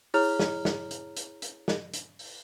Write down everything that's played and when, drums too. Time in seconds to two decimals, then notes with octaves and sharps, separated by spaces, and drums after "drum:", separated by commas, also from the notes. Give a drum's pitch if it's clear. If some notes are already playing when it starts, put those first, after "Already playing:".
0.14 E4 G#4 C#5 A#5 F6 F7, drum: open hi-hat
0.39 drum: snare
0.65 drum: snare
0.91 drum: hi-hat
1.17 drum: hi-hat
1.42 drum: hi-hat
1.68 drum: snare
1.94 drum: hi-hat
2.19 drum: open hi-hat